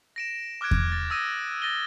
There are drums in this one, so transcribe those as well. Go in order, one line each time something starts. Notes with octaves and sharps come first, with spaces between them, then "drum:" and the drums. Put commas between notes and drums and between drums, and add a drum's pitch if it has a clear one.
A#6 D7 E7
D6 F6 F#6 G#6 D7
drum: kick E2
A6
D#6 E6 G#6 A#6 D#7
A6 A#6 D#7 G7